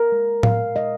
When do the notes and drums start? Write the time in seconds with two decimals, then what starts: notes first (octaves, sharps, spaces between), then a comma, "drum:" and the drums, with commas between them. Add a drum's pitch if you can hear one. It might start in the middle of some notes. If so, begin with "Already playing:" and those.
Already playing: A#4
0.12 G#3
0.43 A#2 F5, drum: tom A2
0.76 G#3 D#5